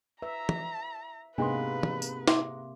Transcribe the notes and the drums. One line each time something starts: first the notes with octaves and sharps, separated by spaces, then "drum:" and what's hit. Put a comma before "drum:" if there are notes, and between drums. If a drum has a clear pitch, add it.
B4 E5 A#5
drum: tom
G#2 C3 G#3 A#3 B3 D4 B4 C6
drum: tom
drum: tambourine
E5 C6 D6, drum: snare E4